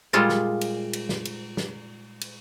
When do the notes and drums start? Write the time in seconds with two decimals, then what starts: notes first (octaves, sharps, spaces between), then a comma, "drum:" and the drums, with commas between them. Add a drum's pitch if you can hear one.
0.13 A#2 G3 G#3 F4 G#4 A4
0.29 drum: snare
0.61 drum: cymbal
0.93 drum: cymbal
1.09 drum: snare
1.25 drum: cymbal
1.57 drum: snare
2.21 drum: cymbal